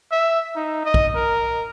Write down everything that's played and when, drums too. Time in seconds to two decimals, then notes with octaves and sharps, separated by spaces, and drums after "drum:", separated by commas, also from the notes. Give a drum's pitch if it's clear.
0.11 E5
0.55 D#4
0.85 D#5
0.94 drum: kick
1.15 A#4